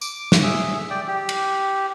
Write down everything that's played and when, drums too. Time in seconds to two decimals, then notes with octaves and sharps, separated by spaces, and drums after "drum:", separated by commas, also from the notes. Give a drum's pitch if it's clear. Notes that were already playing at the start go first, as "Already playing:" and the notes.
0.01 D6, drum: tambourine
0.32 drum: snare
0.43 G#4 E5
0.90 D5 G5
1.07 G4
1.29 drum: cymbal